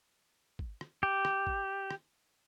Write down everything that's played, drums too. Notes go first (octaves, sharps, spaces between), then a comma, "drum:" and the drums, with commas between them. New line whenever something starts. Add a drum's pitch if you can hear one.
drum: kick G#1
drum: rim click
G4
drum: rim click
drum: kick G#1
drum: rim click